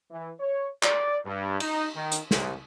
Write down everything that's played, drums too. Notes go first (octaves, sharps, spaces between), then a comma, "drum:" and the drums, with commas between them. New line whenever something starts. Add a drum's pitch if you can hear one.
E3
C#5
D5, drum: clap
G2
D#4, drum: cymbal
D#3
drum: hi-hat
C2, drum: snare